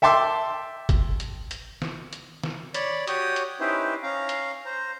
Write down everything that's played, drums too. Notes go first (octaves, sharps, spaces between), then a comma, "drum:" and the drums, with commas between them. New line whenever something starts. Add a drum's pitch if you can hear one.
E5 G5 A5 C6 D6 E6
drum: kick, hi-hat
drum: hi-hat
drum: hi-hat
drum: snare
drum: hi-hat
drum: snare
C#5 D5 B5, drum: hi-hat
F#4 G4 C#5 D#6, drum: hi-hat
drum: hi-hat
C#4 D#4 E4 G4 B4 C5
C#4 F5 A#5
drum: hi-hat
C5 A#5